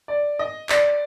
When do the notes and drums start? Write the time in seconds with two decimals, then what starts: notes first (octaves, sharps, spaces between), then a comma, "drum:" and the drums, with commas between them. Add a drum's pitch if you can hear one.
0.08 D5
0.39 D#5
0.69 D5, drum: clap